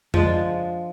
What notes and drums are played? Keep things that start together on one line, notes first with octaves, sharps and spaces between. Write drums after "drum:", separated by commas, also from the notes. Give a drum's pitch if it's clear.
F3 G#3 D4, drum: tom F2